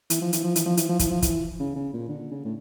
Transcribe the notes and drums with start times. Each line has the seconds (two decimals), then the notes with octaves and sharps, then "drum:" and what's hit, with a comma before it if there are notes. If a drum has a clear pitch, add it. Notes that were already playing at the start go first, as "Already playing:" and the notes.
0.10 E3, drum: hi-hat
0.21 F3
0.33 E3, drum: hi-hat
0.44 F3
0.56 E3, drum: hi-hat
0.66 F3
0.77 E3, drum: hi-hat
0.89 F3
0.99 E3, drum: kick, hi-hat
1.10 F3
1.22 E3, drum: kick, hi-hat
1.60 C#3
1.76 C#3
1.93 A#2
2.09 D3
2.32 C#3
2.45 A2